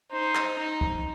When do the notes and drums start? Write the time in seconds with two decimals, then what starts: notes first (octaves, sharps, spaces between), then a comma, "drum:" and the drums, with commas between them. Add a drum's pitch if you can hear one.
0.12 D#4 C5
0.35 drum: clap
0.59 D#4
0.81 drum: kick C#2